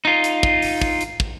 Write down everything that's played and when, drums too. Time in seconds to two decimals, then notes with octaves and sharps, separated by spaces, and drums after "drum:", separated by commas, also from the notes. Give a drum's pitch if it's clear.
0.05 D#4 F4
0.24 drum: hi-hat
0.43 drum: kick
0.62 drum: open hi-hat
0.82 drum: kick
1.01 drum: hi-hat
1.20 drum: kick